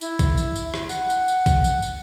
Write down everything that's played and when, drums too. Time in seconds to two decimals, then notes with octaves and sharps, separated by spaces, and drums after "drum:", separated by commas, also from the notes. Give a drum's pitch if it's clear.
0.01 E4, drum: tambourine
0.19 drum: kick, tambourine
0.37 drum: tambourine
0.56 drum: tambourine
0.74 drum: rim click
0.89 F#5, drum: tambourine
1.10 drum: tambourine
1.28 drum: tambourine
1.46 drum: kick, tambourine
1.64 drum: tambourine
1.82 drum: tambourine